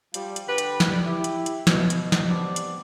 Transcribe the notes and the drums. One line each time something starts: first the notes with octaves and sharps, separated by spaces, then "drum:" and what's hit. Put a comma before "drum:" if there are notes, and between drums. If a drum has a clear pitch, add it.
F3 G3, drum: hi-hat
drum: hi-hat
D3 F#4 G4 B4
drum: hi-hat
drum: snare
G4 B4 D5
E4 G4
drum: hi-hat
drum: hi-hat
B2, drum: snare
drum: hi-hat
drum: snare
G3 B3 C4 D4 D5
drum: hi-hat